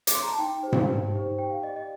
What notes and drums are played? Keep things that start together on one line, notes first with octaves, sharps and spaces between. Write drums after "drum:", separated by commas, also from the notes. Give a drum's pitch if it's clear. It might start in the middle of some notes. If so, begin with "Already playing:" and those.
D6, drum: hi-hat
C6
A#5
A5
D#4 G5
G4 C5
drum: tom G#2
D#4
G4 C5
G4 G5
F5
D5 D#5
D#5